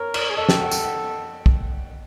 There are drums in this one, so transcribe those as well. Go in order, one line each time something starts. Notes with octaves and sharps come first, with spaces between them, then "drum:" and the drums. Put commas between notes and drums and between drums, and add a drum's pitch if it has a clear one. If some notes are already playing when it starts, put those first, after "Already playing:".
Already playing: A#4 C#5
D5, drum: cymbal
G#4
A4 D#5
G5, drum: snare
F#5
G5, drum: tambourine
F#5
drum: kick